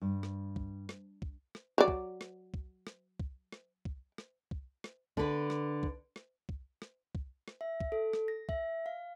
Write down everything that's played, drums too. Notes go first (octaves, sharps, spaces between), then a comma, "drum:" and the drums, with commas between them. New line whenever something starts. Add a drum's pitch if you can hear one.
G2
drum: rim click
drum: kick
drum: rim click
drum: kick
drum: rim click
F#3 D5
drum: kick
drum: rim click
drum: kick
drum: rim click
drum: kick
drum: rim click
drum: kick
drum: rim click
drum: kick
drum: rim click
D3 B4, drum: kick
drum: rim click
drum: kick
drum: rim click
drum: kick
drum: rim click
drum: kick
drum: rim click
E5
drum: kick
A4
drum: rim click
A#6
E5, drum: kick
F5